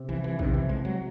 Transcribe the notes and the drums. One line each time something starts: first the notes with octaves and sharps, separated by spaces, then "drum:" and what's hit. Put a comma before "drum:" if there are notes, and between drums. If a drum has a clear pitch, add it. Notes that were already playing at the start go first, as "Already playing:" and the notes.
Already playing: C3
C2 E3
E3
C3 D#3, drum: kick
E3
C2 G#3
F#3